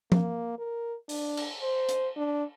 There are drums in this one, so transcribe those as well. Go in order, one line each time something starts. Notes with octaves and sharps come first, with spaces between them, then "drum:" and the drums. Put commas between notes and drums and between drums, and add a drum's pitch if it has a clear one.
A#3, drum: tom F3
A#4
D4, drum: open hi-hat
drum: cymbal
C5
drum: hi-hat
D4